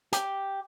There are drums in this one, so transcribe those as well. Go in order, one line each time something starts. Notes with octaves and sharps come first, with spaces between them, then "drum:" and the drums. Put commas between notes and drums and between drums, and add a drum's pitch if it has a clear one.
G4, drum: hi-hat